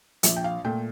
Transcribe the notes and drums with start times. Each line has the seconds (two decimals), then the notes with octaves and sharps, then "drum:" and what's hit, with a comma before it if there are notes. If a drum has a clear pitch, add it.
0.23 A#1 E5, drum: hi-hat
0.37 G5
0.44 F5
0.65 A#2 A3 G5